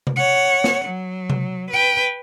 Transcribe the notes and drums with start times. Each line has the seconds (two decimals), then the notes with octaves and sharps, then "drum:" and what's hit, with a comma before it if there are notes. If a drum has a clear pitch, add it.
0.07 drum: tom C3
0.16 C#5 F#5
0.64 drum: snare
0.85 F#3
1.30 drum: tom C3
1.70 B4 G5